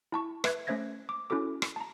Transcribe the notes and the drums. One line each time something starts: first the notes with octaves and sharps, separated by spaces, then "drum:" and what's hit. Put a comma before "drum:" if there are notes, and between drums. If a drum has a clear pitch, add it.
E4 A5 C#6
B4 E5 F#6 G#6, drum: rim click
A3 C#4 C5 E5 G#6 A#6
D6
C#4 E4 F#4 A4 D6
drum: rim click
A5 A#5